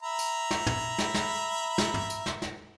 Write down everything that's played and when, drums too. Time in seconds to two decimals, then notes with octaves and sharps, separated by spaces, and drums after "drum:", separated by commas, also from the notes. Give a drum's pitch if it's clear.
0.03 E5 A#5 B5
0.19 drum: tambourine
0.51 drum: snare
0.67 drum: tom
0.98 drum: snare
1.14 drum: snare
1.78 drum: snare
1.94 drum: tom
2.10 drum: tambourine
2.26 drum: snare
2.42 drum: snare